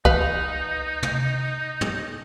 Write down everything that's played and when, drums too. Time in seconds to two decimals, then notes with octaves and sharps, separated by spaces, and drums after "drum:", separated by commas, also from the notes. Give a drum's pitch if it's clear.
0.05 D#4 B4 F5, drum: kick C2
1.03 drum: tom
1.81 drum: tom